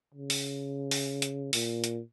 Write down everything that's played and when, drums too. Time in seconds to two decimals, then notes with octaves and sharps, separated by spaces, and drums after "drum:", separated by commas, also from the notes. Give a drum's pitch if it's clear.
0.14 C#3
0.30 drum: open hi-hat
0.91 drum: open hi-hat
1.22 drum: hi-hat
1.53 A#2, drum: open hi-hat
1.84 drum: hi-hat